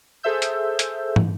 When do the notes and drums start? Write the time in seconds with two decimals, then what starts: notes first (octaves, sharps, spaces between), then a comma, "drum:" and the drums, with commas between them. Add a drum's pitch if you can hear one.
0.23 G#4 A4 C5 E5 E6 G6
0.42 drum: hi-hat
0.79 drum: hi-hat
1.16 drum: tom